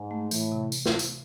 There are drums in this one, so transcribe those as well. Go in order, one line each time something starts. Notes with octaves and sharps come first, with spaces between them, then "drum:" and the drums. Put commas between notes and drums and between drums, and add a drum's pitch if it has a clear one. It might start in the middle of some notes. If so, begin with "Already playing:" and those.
Already playing: G#2
A3
A2 E3, drum: tambourine
C3
drum: tambourine
drum: snare
drum: tambourine